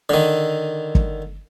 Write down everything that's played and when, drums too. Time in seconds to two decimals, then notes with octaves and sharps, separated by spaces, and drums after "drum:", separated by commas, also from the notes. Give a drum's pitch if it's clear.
0.09 D3 D#3
0.95 drum: kick